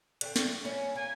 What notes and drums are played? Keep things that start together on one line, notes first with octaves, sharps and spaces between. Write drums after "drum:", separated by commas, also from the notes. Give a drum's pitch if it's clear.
D3 A3 C4, drum: hi-hat
A3, drum: snare
C#4 E4
A#3 G#5